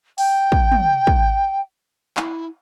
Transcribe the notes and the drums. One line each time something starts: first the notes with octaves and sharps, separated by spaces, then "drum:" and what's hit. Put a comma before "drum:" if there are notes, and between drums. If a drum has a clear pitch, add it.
G5, drum: open hi-hat
drum: kick
drum: tom
drum: kick
E4, drum: clap